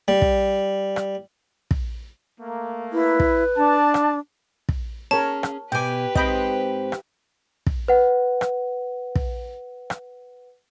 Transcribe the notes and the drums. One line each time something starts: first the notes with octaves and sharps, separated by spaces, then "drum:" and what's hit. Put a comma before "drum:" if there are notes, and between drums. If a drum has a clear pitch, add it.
G3
drum: kick
drum: rim click
drum: kick
A3 A#3
E4 B4
drum: kick
D4 A5
drum: rim click
drum: kick
C#4 G#4 A#4 C#5 A5
drum: rim click
B2 G4 B4 G5 G#5 D6
G#2 C4 C5 D#5 G5 B5, drum: kick
drum: rim click
drum: kick
B4 F#5
drum: rim click
drum: kick
drum: rim click